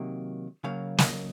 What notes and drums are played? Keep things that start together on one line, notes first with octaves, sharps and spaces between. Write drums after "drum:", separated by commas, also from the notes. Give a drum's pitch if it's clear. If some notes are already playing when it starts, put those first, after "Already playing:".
Already playing: C3 D#3 F#3 A#3
C#3 F#3 A#3 F5
F5, drum: snare
D#5